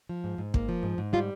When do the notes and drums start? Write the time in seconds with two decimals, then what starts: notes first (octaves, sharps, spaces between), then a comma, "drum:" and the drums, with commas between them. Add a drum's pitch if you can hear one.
0.09 F3
0.24 G#2
0.38 G#2
0.54 A#3, drum: kick
0.69 F3
0.83 G#2
0.98 G#2
1.13 G3 F4